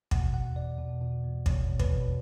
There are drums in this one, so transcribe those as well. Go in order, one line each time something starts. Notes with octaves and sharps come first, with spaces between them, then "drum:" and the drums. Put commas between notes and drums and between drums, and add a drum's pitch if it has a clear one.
B2 F#5, drum: kick
E2 F#5
E2 D5
B2
B2
E2
E2 C#5, drum: kick
B2
B4, drum: kick
B2